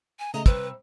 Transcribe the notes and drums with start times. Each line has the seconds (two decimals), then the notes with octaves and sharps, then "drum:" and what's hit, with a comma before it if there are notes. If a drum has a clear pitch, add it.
0.19 G#5
0.34 C#3 A3 D#5 A#5
0.46 C3 G3 B4 E6, drum: kick, hi-hat